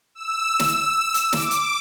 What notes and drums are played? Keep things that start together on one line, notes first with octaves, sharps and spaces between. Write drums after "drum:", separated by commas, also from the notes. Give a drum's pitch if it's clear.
E6
drum: snare
drum: hi-hat
D6, drum: snare
drum: hi-hat